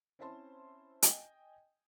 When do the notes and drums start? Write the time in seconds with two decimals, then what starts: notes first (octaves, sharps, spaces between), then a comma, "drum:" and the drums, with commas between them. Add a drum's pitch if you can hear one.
0.19 C4 C#4 E4 C5 A5 C6
1.02 D#5 G5 G#5, drum: hi-hat